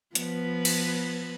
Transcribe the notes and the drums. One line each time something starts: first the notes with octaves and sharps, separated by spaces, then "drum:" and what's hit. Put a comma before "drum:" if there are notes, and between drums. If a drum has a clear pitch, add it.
F3 B3 B4, drum: hi-hat
drum: cymbal